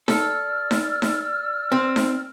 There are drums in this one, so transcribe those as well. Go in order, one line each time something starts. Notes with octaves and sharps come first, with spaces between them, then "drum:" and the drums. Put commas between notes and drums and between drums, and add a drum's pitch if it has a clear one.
A4 D5 E6 F6, drum: snare D#4
drum: snare D#4
drum: snare D#4
C4
drum: snare D#4